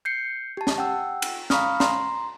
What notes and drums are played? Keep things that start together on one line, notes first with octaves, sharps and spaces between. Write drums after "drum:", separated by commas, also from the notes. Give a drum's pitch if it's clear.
G6 C7 C#7
G4 A5
drum: snare
F#5 G5 E6
drum: cymbal
F5 A#5 B5 C#6 D#6 F6, drum: snare
A#5 C6, drum: snare